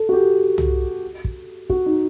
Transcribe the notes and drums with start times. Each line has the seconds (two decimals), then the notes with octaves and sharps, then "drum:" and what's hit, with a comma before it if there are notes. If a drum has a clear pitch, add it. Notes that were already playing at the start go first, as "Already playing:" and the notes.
Already playing: A4
0.09 F#4
0.13 G4
0.58 drum: tom
1.25 drum: kick
1.70 F#4, drum: kick
1.86 D#4